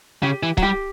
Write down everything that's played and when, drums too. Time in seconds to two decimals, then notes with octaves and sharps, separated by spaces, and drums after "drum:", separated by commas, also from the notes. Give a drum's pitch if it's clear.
0.23 C#3 G4
0.43 E3
0.57 F#3, drum: kick C#1
0.62 G3 G4